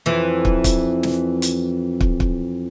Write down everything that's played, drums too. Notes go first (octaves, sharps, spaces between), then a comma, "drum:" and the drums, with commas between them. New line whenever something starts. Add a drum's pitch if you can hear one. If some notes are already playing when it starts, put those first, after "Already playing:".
F2 E3
drum: kick
drum: kick, hi-hat
drum: snare
drum: hi-hat
drum: kick
drum: kick